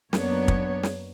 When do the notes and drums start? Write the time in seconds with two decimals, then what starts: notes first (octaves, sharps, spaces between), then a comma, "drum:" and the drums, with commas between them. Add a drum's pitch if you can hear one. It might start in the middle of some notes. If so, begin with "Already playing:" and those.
0.13 F#2 A#3 B3 D4 C#5, drum: snare
0.48 drum: kick
0.83 drum: snare